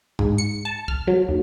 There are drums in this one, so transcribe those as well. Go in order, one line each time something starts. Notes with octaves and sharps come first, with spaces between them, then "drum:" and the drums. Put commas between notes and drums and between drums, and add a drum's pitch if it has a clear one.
G#2, drum: kick
C#7
A5
F6, drum: kick
F#3
D#2